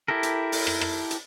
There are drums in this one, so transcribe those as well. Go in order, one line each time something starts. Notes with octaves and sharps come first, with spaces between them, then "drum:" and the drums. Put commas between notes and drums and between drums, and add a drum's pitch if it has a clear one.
E4 G4 A4 A#4
drum: hi-hat
drum: open hi-hat
drum: rim click
drum: rim click
drum: hi-hat